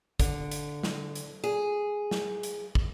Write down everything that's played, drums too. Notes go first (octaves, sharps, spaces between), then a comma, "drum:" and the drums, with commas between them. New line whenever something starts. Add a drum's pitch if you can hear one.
D3, drum: kick, hi-hat
drum: hi-hat
drum: snare
drum: hi-hat
G#4
drum: snare
drum: hi-hat
drum: kick